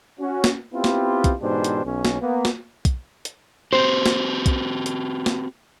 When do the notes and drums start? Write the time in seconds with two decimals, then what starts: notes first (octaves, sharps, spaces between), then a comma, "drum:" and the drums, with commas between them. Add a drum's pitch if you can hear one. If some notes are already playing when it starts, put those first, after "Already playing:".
0.20 C#4 F#4
0.44 drum: snare
0.74 B3 C4 E4 F4 G4
0.84 drum: snare
1.24 drum: kick, hi-hat
1.41 G#2 B2 E3 D4 G4 C5
1.64 drum: hi-hat
1.85 B1 C#4
2.05 drum: snare
2.21 A#3 B3
2.45 drum: snare
2.85 drum: kick, hi-hat
3.25 drum: hi-hat
3.73 C4 F#4 G4 C5
4.06 drum: snare
4.46 drum: kick, hi-hat
4.86 drum: hi-hat
5.26 drum: snare